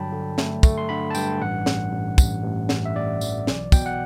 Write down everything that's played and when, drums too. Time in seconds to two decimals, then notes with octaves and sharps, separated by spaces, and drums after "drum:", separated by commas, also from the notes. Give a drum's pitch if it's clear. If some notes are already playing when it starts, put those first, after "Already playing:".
Already playing: G2 D3 F#3 G5 A5 B5
0.12 D3
0.38 A3, drum: snare
0.63 A3, drum: kick, tambourine
0.78 C6
0.89 D3 B5
1.10 A5
1.15 G2 G5, drum: tambourine
1.40 A1 F#5
1.66 A1, drum: snare
1.93 A1
2.18 A1, drum: kick, tambourine
2.44 A1
2.69 A1, drum: snare
2.86 E5
2.96 A1 D5
3.21 E3, drum: tambourine
3.47 B1, drum: snare
3.72 B2 G5, drum: kick, tambourine
3.86 F#5